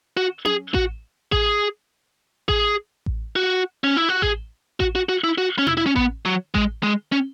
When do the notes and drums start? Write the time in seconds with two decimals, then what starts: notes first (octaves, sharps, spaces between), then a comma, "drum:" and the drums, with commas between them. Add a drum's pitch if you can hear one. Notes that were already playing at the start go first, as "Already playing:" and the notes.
0.17 F#4
0.45 G#4, drum: tom C#4
0.74 F#4, drum: kick A1
1.32 G#4, drum: kick A1
2.48 G#4, drum: kick A1
3.06 drum: kick A1
3.36 F#4
3.84 C#4
3.96 E4
4.09 F#4
4.22 G#4, drum: kick A1
4.80 F#4, drum: kick A1
4.95 F#4
5.09 F#4
5.24 E4
5.38 F#4
5.58 C#4
5.67 E4, drum: tom B2
5.77 E4
5.87 C#4
5.96 B3, drum: kick A1
6.25 F#3
6.54 G#3, drum: kick A1
6.83 G#3
7.12 C#4